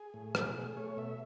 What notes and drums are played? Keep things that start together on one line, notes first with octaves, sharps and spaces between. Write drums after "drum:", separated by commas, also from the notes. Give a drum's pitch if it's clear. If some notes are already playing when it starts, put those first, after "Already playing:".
Already playing: G#4
A2
B2, drum: rim click
A3
A3 C#5
B2 E5